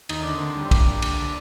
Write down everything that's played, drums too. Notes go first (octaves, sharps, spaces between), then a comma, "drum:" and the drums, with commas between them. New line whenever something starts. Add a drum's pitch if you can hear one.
D#2 D#4, drum: cymbal
D3 D4
D2 C4
D4
G3
C4
A#2 D4, drum: kick, cymbal
G3
D3, drum: cymbal